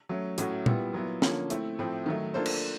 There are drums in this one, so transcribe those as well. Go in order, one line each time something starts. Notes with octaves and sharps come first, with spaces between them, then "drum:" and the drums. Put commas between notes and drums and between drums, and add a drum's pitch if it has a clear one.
F#3 A3 C#4
A2 F#3 A3 C#4 F#4, drum: hi-hat
A#2 G3 B3 E4, drum: tom
A#2 F#3 B3 E4
D3 F3 A#3 C#4, drum: snare
A3 C4 E4, drum: hi-hat
A2 F3 A3 C4
D#3 F#3 A3
A#3 D4 F4 A4 C5
drum: cymbal